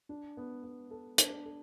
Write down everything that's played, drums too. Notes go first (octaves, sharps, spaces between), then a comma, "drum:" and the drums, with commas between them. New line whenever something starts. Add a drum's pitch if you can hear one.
D4
B3
B3
A4
D4, drum: hi-hat
A4